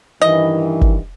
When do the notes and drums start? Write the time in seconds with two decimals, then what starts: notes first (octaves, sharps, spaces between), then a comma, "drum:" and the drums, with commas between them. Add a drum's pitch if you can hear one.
0.21 G2 D#3 E3 D#5
0.81 drum: kick